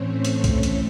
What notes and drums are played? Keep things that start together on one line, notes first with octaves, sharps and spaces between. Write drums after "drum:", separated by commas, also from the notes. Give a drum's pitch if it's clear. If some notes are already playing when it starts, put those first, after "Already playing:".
Already playing: A2 E3 A3 C4 C#4 C5 C#5
A4, drum: hi-hat
drum: kick C2, hi-hat
drum: hi-hat